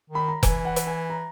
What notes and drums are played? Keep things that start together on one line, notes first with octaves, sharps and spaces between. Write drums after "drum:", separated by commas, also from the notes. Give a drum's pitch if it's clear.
D#3
B5
A#5
E3 G#5, drum: kick F1, hi-hat
F#5
drum: hi-hat
G#5
A#5